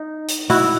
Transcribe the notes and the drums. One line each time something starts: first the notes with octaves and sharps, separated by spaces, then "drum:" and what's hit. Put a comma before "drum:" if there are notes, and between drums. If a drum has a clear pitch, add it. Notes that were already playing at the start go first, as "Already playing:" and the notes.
Already playing: D#4
drum: hi-hat
E4 F#4, drum: open hi-hat